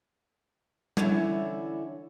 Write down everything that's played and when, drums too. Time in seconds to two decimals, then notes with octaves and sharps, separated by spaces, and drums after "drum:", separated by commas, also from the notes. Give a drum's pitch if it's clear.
0.97 D3 E3 C#4 E4 C#5 D5, drum: tom G3